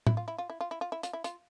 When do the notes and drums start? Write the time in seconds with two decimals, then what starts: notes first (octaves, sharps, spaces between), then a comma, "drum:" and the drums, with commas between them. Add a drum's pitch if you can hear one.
0.07 E4, drum: tom
0.17 F4
0.28 E4
0.38 F4
0.50 E4
0.61 F4
0.71 E4
0.81 F4
0.92 E4
1.03 F4, drum: hi-hat
1.13 E4
1.24 F4, drum: hi-hat